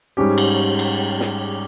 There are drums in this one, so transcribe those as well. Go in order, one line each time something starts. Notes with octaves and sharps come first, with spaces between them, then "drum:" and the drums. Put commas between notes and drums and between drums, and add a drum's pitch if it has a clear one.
G#2 G3 C#4 G4
drum: cymbal
drum: cymbal
drum: snare